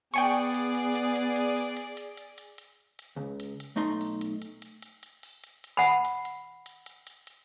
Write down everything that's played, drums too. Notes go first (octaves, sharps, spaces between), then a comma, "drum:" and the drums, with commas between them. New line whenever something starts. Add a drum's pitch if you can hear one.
B3 G#4 D5 G5 G#5 C#6, drum: hi-hat
drum: open hi-hat
drum: hi-hat
drum: hi-hat
drum: hi-hat
drum: hi-hat
drum: hi-hat
drum: open hi-hat
drum: hi-hat
drum: hi-hat
drum: hi-hat
drum: hi-hat
drum: hi-hat
drum: hi-hat
C#2
drum: hi-hat
drum: hi-hat
B1 A3 D#4 A#5 C6
drum: open hi-hat
drum: hi-hat
drum: hi-hat
drum: hi-hat
drum: hi-hat
drum: hi-hat
drum: open hi-hat
drum: hi-hat
drum: hi-hat
F#5 B5
drum: hi-hat
drum: hi-hat
drum: hi-hat
drum: hi-hat
drum: hi-hat
drum: hi-hat